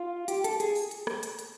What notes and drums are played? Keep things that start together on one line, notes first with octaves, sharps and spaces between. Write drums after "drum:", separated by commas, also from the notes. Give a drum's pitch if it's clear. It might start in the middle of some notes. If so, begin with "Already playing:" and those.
Already playing: F4
G4, drum: hi-hat
A4, drum: hi-hat
G#4, drum: hi-hat
drum: open hi-hat
drum: hi-hat
drum: rim click
drum: hi-hat
drum: hi-hat